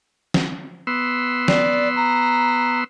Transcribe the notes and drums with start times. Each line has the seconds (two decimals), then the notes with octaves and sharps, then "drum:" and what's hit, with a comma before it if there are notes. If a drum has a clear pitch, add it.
0.34 drum: snare
0.87 B3 C6 E6
1.48 D5, drum: snare
1.96 A#5